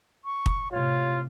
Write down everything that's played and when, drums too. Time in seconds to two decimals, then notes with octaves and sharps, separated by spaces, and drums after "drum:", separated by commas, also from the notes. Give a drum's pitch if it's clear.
0.25 C#6
0.46 drum: kick
0.72 A2 C3 F4 C#5